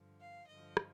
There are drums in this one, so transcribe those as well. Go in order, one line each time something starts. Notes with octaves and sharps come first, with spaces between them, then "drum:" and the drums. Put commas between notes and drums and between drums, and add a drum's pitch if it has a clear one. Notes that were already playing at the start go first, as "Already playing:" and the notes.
Already playing: G2 D3 F3
F5
G2 D3 F3 D#5
drum: rim click